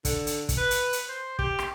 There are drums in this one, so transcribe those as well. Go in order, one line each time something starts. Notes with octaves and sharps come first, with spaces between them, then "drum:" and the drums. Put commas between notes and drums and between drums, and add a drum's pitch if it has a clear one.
D3, drum: kick, hi-hat
drum: hi-hat
drum: kick, hi-hat
B4
drum: hi-hat
drum: hi-hat
C5
G4, drum: kick
drum: rim click